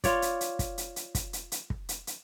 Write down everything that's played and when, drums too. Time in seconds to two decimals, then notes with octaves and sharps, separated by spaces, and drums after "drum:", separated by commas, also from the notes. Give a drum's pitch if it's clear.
0.04 F4 C#5 D5, drum: kick, hi-hat
0.22 drum: hi-hat
0.41 drum: hi-hat
0.59 drum: kick, hi-hat
0.78 drum: hi-hat
0.96 drum: hi-hat
1.15 drum: kick, hi-hat
1.33 drum: hi-hat
1.52 drum: hi-hat
1.70 drum: kick
1.89 drum: hi-hat
2.07 drum: hi-hat